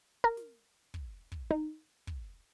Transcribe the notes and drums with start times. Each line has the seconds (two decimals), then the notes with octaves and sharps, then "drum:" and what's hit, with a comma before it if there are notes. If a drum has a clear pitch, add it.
0.24 A#4
0.37 drum: snare
0.94 drum: kick
1.32 drum: kick
1.51 D#4
2.07 drum: kick